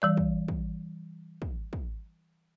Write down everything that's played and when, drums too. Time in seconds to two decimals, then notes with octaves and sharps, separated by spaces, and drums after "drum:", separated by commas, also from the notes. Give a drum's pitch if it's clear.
0.02 E3 G3 D5
0.17 drum: kick
0.48 drum: kick
1.42 drum: kick
1.73 drum: kick